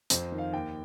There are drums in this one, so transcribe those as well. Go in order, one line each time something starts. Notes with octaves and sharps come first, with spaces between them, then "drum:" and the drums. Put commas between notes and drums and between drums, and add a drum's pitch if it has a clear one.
F2 C5, drum: hi-hat
D#3
F5
D#2 G5